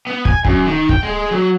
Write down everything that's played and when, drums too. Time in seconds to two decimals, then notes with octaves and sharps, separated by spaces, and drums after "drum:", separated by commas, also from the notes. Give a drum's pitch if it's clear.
0.07 B3
0.25 G#5, drum: kick
0.45 F#2, drum: kick
0.65 D#3
0.89 G5, drum: kick
1.03 G#3
1.31 F#3